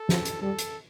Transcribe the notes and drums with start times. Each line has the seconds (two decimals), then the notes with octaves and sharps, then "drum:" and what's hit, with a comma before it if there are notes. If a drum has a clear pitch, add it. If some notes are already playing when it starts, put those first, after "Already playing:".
Already playing: A4
0.09 F3, drum: snare
0.25 drum: hi-hat
0.42 G3 A4
0.59 drum: hi-hat